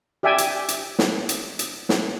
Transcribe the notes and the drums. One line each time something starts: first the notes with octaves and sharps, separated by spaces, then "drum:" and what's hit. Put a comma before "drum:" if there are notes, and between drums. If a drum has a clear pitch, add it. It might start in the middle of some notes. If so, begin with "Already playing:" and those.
G4 D5 E5 G5 G#5
drum: hi-hat
drum: hi-hat
drum: snare
drum: hi-hat
drum: hi-hat
drum: snare